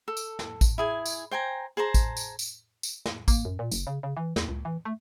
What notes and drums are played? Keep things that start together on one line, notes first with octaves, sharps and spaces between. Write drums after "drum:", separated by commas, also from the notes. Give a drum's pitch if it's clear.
A4
drum: tambourine
drum: snare
drum: kick A1, tambourine
E4 G#4 G#5
drum: tambourine
C5 G5 G#5 A#5
G#4 C5 A5 A#5
drum: kick A1, tambourine
drum: tambourine
drum: tambourine
drum: tambourine
drum: snare
A#3, drum: kick A1, tambourine
F#2
A#2
F#1, drum: tambourine
C#3
C#3
E3
E2, drum: snare
C#2
E3
A3